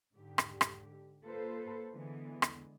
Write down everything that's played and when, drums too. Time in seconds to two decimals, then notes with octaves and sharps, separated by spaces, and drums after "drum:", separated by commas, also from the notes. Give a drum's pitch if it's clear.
0.15 G#2 D3 G4
0.38 drum: rim click
0.61 drum: rim click
1.25 A#3 F4 A4 B4 C5
1.92 D3 E3 G#3 B3
2.42 drum: rim click